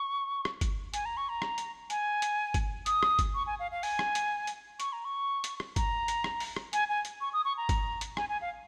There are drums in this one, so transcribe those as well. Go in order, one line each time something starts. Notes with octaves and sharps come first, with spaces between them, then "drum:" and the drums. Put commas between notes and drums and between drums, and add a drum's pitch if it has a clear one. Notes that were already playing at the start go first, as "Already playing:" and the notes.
Already playing: C#6
drum: rim click
drum: kick G1, hi-hat
G#5, drum: hi-hat
A#5
C#6
A#5
drum: rim click
drum: hi-hat
G#5, drum: hi-hat
drum: hi-hat
drum: kick G1, hi-hat
D#6, drum: hi-hat
drum: rim click
drum: kick G1, hi-hat
C#6
G#5
F5
F5
G#5, drum: open hi-hat
drum: rim click
drum: hi-hat
drum: hi-hat
C#6, drum: hi-hat
A#5
C#6
drum: hi-hat
drum: rim click
A#5, drum: kick G1, hi-hat
drum: hi-hat
drum: rim click
drum: open hi-hat
drum: rim click
G#5, drum: hi-hat
G#5
drum: hi-hat
C#6
D#6
C#6
A#5
drum: kick G1, hi-hat
drum: hi-hat
G#5, drum: rim click
G#5
F5